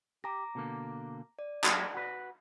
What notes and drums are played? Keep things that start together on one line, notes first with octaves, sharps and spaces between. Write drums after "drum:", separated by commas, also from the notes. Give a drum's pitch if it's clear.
G4 A#5 D6 A#6
B2 D3 A#3
D5
F#3, drum: clap
F#4 B4